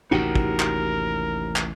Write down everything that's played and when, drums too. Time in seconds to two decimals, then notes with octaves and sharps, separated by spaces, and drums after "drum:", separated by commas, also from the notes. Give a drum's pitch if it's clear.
0.11 A1 D#2 C3 D#4 F#4 G4 A#4
0.35 drum: kick
0.60 drum: clap
1.56 drum: clap